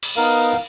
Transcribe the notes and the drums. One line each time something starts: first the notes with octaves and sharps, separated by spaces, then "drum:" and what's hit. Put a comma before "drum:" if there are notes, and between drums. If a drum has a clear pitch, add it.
drum: cymbal
B3 D#4 A#4 F5